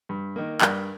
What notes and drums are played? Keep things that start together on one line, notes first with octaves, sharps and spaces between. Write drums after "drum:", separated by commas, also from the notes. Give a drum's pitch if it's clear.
G2
D#3 A#3
G2 A#4 D5, drum: clap